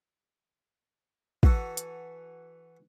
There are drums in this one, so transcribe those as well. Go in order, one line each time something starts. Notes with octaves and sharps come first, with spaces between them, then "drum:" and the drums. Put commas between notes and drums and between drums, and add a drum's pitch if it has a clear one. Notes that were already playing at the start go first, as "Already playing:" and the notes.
E3 F#4 A4, drum: kick
drum: hi-hat